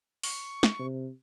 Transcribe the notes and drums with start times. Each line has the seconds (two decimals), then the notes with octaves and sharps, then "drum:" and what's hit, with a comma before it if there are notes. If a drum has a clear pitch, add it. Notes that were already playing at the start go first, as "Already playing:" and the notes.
0.23 C#6, drum: open hi-hat
0.63 drum: snare
0.79 C3